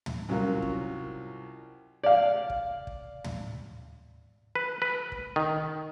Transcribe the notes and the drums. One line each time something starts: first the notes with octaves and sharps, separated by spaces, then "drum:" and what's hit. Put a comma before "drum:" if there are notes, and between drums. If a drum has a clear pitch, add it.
drum: tom
C2 F#3 C#4 F4 A#4
drum: kick
D5 F5
drum: kick
drum: kick
drum: tom
B4
B4
drum: kick
D#3